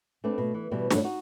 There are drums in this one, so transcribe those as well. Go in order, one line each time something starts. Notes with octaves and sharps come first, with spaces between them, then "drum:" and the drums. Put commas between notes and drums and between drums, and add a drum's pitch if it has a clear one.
A3 C4 D4 B4
B2
E3
B2 E3 G3
E2 G2 A#2 F3 F#3 A3, drum: snare
D#4 F#4